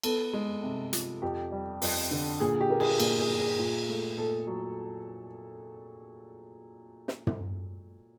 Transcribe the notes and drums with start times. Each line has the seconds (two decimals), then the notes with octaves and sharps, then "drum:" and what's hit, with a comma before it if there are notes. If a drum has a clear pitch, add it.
0.03 B3 A4, drum: cymbal
0.33 G#3
0.63 C3
0.93 F3, drum: hi-hat
1.22 F2 G4
1.52 G3
1.82 F2, drum: open hi-hat
2.11 D3
2.40 A#2 G#4
2.61 G4
2.70 A#3
2.80 G#4, drum: cymbal
3.00 A#2 G#4, drum: cymbal
3.19 G#4
3.29 F3
3.40 G#4
3.59 A#2
3.89 A3
4.18 A#2 A4
4.47 F#3
7.08 drum: snare
7.27 drum: tom